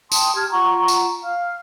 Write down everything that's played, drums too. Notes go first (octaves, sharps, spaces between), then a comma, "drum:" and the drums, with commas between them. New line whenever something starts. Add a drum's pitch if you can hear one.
G5 A5 C6 D#6, drum: tambourine
G4 A5 F6 G#6
F4 F#5 A#5 C#6
drum: tambourine
F5 F6